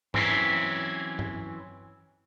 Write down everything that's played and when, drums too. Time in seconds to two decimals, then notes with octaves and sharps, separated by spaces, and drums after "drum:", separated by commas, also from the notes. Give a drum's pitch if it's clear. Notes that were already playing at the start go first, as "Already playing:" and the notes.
0.14 E3 F#3 C4 C#4 E4, drum: tom G2
1.19 drum: tom G2